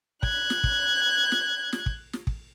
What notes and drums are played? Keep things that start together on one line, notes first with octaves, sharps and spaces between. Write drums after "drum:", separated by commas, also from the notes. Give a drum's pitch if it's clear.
F#6 G#6, drum: kick
drum: snare
drum: kick
drum: snare
drum: snare
drum: kick
drum: snare
drum: kick